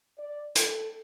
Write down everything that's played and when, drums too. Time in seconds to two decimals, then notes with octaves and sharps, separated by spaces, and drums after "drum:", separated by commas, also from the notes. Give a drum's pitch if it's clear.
0.18 D5
0.55 A4, drum: hi-hat